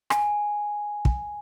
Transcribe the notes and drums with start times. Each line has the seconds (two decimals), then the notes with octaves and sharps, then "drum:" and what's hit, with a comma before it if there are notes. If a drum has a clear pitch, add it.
0.10 G#5, drum: rim click
1.05 drum: kick